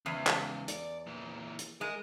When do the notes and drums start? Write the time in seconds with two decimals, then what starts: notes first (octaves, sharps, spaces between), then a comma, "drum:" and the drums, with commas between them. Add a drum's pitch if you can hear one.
0.06 E2 G#2 C#3
0.27 drum: clap
0.68 D5, drum: hi-hat
1.07 A#2 E3
1.59 drum: hi-hat
1.81 G#3 A#4